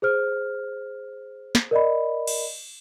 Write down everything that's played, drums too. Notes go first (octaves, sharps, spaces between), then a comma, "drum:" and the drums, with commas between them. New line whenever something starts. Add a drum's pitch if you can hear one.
G#4 C5 F6
drum: snare
A#4 D5 D#5 B5
drum: cymbal